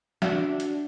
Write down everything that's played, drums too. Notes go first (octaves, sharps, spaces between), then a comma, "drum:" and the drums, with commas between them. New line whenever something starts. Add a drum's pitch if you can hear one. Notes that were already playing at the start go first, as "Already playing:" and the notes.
D4 F#4 E5, drum: snare
drum: hi-hat